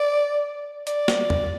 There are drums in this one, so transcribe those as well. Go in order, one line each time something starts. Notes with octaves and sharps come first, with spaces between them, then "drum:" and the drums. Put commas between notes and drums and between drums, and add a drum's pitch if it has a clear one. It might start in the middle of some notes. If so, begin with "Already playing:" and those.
Already playing: D5
D5, drum: hi-hat
drum: snare
drum: tom